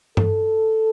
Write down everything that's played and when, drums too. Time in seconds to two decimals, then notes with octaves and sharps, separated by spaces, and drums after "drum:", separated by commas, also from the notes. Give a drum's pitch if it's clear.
0.17 A4, drum: tom G2